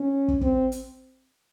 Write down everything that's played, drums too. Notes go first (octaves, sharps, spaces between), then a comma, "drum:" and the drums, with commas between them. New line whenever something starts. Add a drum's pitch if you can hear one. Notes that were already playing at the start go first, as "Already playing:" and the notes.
Already playing: C#4
drum: kick
C4, drum: kick
drum: hi-hat